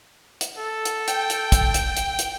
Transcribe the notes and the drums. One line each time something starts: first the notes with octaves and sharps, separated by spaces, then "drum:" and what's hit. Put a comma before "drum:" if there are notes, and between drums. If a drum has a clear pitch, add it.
drum: hi-hat
A4
drum: hi-hat
G5, drum: hi-hat
drum: hi-hat
drum: kick, hi-hat
drum: hi-hat
drum: hi-hat
drum: hi-hat